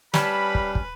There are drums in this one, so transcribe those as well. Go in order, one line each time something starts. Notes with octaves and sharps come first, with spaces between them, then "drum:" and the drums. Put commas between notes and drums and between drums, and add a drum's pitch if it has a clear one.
G3 C#4 B4 A5 B5, drum: snare
drum: kick
drum: kick